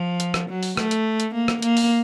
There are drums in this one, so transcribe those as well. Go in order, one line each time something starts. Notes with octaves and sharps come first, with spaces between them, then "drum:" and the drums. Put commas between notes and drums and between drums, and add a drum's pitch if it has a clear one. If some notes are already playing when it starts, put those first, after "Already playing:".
Already playing: F3
drum: hi-hat
drum: rim click
F#3
drum: open hi-hat
A3, drum: rim click
drum: hi-hat
drum: hi-hat
A#3
drum: rim click
A#3, drum: hi-hat
drum: open hi-hat